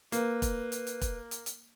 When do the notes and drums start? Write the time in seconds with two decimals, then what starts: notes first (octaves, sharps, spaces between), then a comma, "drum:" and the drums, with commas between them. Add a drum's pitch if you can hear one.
0.12 A#3 B4, drum: hi-hat
0.42 drum: kick, hi-hat
0.72 drum: hi-hat
0.87 drum: hi-hat
1.01 drum: kick, hi-hat
1.31 drum: hi-hat
1.46 drum: hi-hat